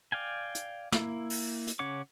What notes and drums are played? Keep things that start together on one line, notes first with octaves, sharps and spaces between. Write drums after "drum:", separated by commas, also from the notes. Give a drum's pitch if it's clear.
D5 F5 G5 G#5
drum: hi-hat
A#3 E4, drum: snare
drum: open hi-hat
drum: hi-hat
C#3 C#4 C#5 F#5 D6